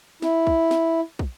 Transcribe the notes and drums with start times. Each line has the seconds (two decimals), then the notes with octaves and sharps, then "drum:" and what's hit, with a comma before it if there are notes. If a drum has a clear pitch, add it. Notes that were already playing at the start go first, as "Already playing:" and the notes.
0.22 E4, drum: snare
0.47 drum: kick
0.71 drum: snare
1.19 drum: kick